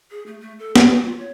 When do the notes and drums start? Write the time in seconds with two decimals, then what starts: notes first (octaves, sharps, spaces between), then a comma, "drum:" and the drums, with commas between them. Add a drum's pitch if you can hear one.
0.11 G#4
0.26 A3
0.41 A3
0.59 A4
0.76 G4, drum: snare
0.88 F#4
1.04 F4
1.18 C#5